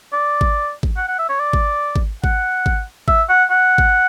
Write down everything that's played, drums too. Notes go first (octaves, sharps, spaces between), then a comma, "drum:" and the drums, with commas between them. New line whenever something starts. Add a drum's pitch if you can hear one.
D5
drum: kick G#1
drum: kick G#1
F#5
F#5
E5
C#5
D5
drum: kick G#1
drum: kick G#1
F#5, drum: kick G#1
drum: kick G#1
E5, drum: kick G#1
F#5
F#5
drum: kick G#1